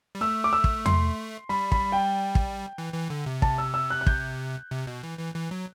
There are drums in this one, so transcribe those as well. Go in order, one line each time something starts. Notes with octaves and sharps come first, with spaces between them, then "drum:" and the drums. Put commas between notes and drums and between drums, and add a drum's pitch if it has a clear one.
G3
A3 E6
D6
E6
drum: kick
C6, drum: tom E2
G3 B5
B5, drum: kick
G5
drum: kick
E3
E3
D3
C3
A5, drum: kick
E6
E6
F#6
F#6
G6, drum: kick
C3
B2
E3
E3
E3
F#3